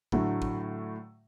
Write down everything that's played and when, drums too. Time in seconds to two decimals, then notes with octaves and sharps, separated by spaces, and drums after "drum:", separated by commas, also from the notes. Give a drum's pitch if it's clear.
0.12 A2 D3 F#3 A3, drum: kick
0.42 drum: kick